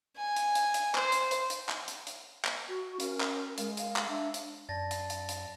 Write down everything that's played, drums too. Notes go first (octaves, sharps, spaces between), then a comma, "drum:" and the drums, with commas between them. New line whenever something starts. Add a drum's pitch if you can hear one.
G#5
drum: hi-hat
drum: hi-hat
drum: hi-hat
C5, drum: clap
drum: hi-hat
drum: hi-hat
drum: hi-hat
drum: clap
drum: hi-hat
drum: hi-hat
drum: clap
F#4
C#4 A#4, drum: hi-hat
drum: clap
G#3 A#4, drum: hi-hat
F5, drum: hi-hat
drum: clap
D4 E5
drum: hi-hat
F#2 D5 A5 A6 A#6
drum: hi-hat
drum: hi-hat
drum: hi-hat